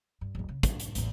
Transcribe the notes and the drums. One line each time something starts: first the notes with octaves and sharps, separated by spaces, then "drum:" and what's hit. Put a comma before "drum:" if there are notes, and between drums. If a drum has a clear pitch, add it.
G2
D1 G#2
C#3
B1 D3, drum: kick, hi-hat
drum: hi-hat
A1 E2, drum: hi-hat